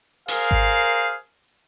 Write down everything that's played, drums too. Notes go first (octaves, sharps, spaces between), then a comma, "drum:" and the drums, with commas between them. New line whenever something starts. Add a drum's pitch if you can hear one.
G#4 A#4 C5 F5, drum: open hi-hat
drum: kick G#1